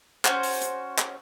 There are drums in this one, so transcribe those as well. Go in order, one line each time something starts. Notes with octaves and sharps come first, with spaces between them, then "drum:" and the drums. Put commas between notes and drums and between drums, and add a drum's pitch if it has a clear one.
C#4 D4 F#4 C5, drum: clap
drum: open hi-hat
drum: hi-hat
drum: clap